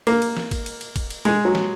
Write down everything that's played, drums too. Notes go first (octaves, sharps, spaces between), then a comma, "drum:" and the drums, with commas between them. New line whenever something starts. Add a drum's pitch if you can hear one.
A#3, drum: cymbal
drum: cymbal
drum: snare
drum: kick, cymbal
drum: cymbal
drum: cymbal
drum: kick, cymbal
drum: cymbal
G#3, drum: cymbal
F#3
drum: snare